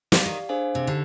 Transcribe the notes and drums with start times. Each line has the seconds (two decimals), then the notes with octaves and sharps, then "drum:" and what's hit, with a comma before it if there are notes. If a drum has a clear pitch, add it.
0.12 G3 G4 D5 F5, drum: snare
0.25 D#3
0.49 D4 G#4 C5 F5 G#5
0.75 C3
0.87 D3 D#4 G4